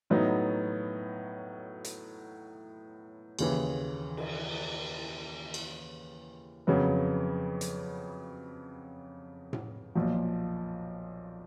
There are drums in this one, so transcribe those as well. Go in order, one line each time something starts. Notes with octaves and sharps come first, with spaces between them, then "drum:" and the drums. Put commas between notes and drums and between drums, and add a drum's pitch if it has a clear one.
A2 F#3 B3 D#4
drum: hi-hat
D#2 C#3 E3, drum: cymbal
drum: cymbal
drum: cymbal
F2 C#3 F#3 B3
drum: hi-hat
drum: tom A2
B1 A#2 F3